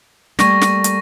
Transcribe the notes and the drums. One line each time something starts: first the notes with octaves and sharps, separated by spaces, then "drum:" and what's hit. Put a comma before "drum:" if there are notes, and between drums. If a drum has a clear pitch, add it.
G3 A3 A#3 C#6 A#6, drum: snare
drum: snare
drum: hi-hat